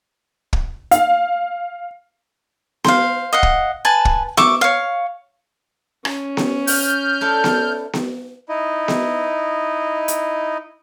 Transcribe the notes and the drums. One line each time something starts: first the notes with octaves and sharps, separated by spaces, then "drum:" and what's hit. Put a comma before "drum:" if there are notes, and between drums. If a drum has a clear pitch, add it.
drum: kick
F5, drum: hi-hat
C5 F5, drum: snare B3
D#5 F5 F#5
drum: kick
B4 G#5 A5
drum: kick
E5 C#6 D6, drum: snare B3
C#5 F5
C#4, drum: rim click
drum: snare B3
F6 G6, drum: open hi-hat
E4 A4 D5
drum: snare B3
drum: snare B3
D#4 E4 D#5
drum: snare B3
drum: hi-hat